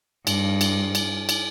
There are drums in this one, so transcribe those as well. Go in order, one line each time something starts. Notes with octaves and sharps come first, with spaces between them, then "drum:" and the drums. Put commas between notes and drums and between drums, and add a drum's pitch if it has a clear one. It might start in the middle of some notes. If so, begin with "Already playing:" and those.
G2, drum: cymbal
drum: cymbal
drum: cymbal
drum: cymbal